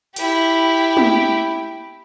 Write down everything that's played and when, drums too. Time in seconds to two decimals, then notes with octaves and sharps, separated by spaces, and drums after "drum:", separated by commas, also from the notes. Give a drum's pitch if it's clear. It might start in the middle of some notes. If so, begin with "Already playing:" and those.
0.16 E4 G4, drum: hi-hat
0.97 drum: tom